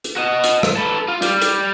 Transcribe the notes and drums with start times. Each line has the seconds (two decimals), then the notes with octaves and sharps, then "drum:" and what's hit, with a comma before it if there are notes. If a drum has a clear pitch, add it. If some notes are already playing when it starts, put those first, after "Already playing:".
0.04 drum: hi-hat
0.16 F#4 D#5
0.44 drum: hi-hat
0.63 drum: rim click
0.76 A4 B4
1.08 F4
1.22 G3, drum: hi-hat
1.42 drum: hi-hat